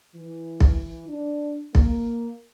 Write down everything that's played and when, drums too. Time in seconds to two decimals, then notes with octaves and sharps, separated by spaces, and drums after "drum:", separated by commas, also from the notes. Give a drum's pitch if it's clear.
0.15 E3
0.60 drum: kick B1
1.08 D4
1.75 A#3, drum: kick B1